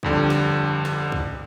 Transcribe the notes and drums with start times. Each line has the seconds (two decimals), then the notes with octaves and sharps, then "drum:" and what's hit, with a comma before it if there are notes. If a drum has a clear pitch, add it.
0.03 G1 F2 D3 G3, drum: kick
0.30 drum: snare
0.85 drum: snare
1.12 drum: kick